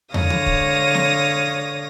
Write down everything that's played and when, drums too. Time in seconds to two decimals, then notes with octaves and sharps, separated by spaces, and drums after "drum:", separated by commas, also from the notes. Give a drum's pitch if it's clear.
0.14 D3 C#5 F5 D#6 A#6, drum: tom
0.30 drum: tom
0.46 drum: kick
0.94 drum: snare